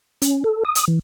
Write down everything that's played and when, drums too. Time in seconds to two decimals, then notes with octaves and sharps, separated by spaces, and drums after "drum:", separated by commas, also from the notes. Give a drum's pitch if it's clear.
0.22 C#4, drum: hi-hat
0.44 A4
0.65 D#6
0.75 drum: hi-hat
0.88 E3